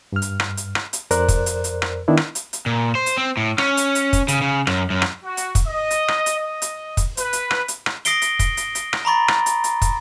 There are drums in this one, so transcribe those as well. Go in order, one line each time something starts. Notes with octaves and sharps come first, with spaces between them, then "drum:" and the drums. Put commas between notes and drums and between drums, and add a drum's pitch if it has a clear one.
G2 F6
drum: hi-hat
drum: rim click
drum: hi-hat
drum: rim click
drum: hi-hat
F2 A#4 C5 D5 F#6, drum: hi-hat
drum: kick, hi-hat
drum: hi-hat
drum: hi-hat
drum: rim click
D#3 B3 D4 E4
drum: rim click
drum: hi-hat
drum: hi-hat
A#2
C5
drum: hi-hat
C4
A2
C#4, drum: rim click
drum: hi-hat
drum: hi-hat
drum: kick, hi-hat
C#3, drum: hi-hat
C#3
F#2, drum: rim click
F#2
drum: rim click
F#4
drum: hi-hat
drum: kick, hi-hat
D#5
drum: hi-hat
drum: rim click
drum: hi-hat
D#5
drum: hi-hat
drum: kick, hi-hat
B4, drum: hi-hat
drum: hi-hat
drum: rim click
drum: hi-hat
drum: rim click
D#6 A#6 C7 D7 G7, drum: hi-hat
drum: hi-hat
drum: kick, hi-hat
drum: hi-hat
drum: hi-hat
drum: rim click
A#5 B5 C#6 A6
drum: rim click
drum: hi-hat
drum: hi-hat
drum: kick, hi-hat